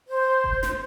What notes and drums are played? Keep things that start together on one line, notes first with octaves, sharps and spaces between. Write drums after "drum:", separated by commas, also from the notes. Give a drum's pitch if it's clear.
C5
drum: kick F1
drum: snare